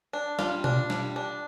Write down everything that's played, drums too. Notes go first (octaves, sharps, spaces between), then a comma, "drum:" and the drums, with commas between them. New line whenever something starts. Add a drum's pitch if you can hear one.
D4
G3 F4, drum: snare
D4, drum: tom B2
G3, drum: snare
D4